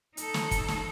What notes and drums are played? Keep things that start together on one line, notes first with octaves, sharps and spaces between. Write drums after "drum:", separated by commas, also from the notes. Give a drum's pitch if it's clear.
D#4 A4, drum: hi-hat
drum: snare
drum: kick, hi-hat
drum: snare